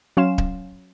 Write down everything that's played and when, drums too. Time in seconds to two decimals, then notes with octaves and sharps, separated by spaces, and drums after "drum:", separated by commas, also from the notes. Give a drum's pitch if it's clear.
0.17 F#3 C#4 F5 C6 E7
0.38 drum: kick D1